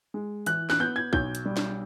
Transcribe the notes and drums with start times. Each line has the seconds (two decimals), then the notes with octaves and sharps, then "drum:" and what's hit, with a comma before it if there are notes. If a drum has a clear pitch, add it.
0.14 G#3
0.46 E3 F#6, drum: hi-hat
0.70 F#6, drum: snare
0.80 B3 G6
0.96 G#6
1.13 B1 G6, drum: kick
1.35 drum: hi-hat
1.46 G3
1.57 drum: snare